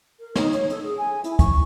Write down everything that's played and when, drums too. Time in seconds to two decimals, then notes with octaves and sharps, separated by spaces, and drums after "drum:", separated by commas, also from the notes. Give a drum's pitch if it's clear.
0.19 A#4
0.35 D#4, drum: snare
0.53 C#5, drum: hi-hat
0.70 A4, drum: hi-hat
0.83 G#4
0.97 G#5
1.24 E4, drum: hi-hat
1.39 C#6, drum: kick, hi-hat